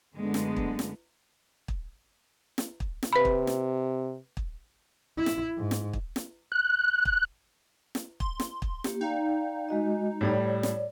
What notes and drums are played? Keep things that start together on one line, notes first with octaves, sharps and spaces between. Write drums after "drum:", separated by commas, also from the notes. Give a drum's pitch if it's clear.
F#2 D3 G#3 A3 B3
drum: snare
drum: kick
drum: snare
drum: kick
drum: snare
drum: kick
drum: snare
C3 B4 B5
drum: kick
drum: snare
drum: kick
E4
drum: snare
G#2
drum: snare
drum: kick
drum: snare
F#6
drum: kick
drum: snare
C6, drum: kick
drum: snare
drum: kick
A#3 G4, drum: snare
D#4 D5 F5 G5
G#3 F#4 D#5
A2 G3 C#5 D5
drum: snare